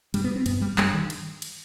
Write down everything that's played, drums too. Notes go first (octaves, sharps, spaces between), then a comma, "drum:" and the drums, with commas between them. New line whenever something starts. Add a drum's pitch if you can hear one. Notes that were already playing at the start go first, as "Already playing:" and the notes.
G2 G3, drum: cymbal
B3
C4
G2 B3, drum: cymbal
G3
G2 G3, drum: clap
D#3
drum: cymbal
drum: cymbal